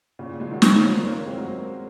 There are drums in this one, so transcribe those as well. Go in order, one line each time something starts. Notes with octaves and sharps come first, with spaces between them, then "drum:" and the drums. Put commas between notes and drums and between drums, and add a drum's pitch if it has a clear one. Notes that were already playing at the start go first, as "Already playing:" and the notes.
A#2 C#3
A#2
F3 G#3
D#3 F#3
G#3 C4, drum: snare
A#3 C#4
C#4 F4
A#3 C#4
A#3 C#4
A#3 C#4
G#3 C4
F#3 A#3